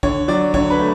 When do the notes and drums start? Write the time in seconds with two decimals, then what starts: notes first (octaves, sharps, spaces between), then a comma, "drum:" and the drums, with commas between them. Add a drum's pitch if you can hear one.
0.03 D3 C#5, drum: kick
0.28 F#3 D5
0.54 D3 C#5, drum: kick
0.70 B4
0.79 A3